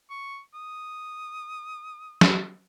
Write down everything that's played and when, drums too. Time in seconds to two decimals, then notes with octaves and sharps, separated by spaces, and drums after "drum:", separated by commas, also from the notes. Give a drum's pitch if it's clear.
0.10 C#6
0.54 D#6
2.21 drum: snare